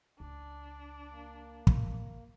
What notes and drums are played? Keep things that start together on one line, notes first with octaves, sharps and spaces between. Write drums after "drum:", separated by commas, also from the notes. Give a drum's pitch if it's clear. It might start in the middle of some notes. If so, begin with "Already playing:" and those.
C#2 D4
A#3
drum: kick